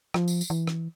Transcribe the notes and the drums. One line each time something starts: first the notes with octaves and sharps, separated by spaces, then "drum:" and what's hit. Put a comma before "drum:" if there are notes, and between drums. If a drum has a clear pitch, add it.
F3, drum: rim click
drum: tambourine
drum: tambourine
E3
drum: rim click